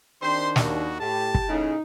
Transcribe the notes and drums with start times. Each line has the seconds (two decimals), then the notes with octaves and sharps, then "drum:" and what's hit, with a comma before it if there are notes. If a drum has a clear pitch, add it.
0.22 D#3 C4 D4 G4 C5 C6
0.56 D#2 F#4, drum: snare
1.00 A2 G4 A5
1.35 drum: kick
1.49 A2 C#3 D#4